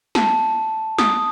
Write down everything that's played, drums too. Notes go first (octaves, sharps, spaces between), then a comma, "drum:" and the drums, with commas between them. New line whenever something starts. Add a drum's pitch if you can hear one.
A5, drum: snare
D#6, drum: snare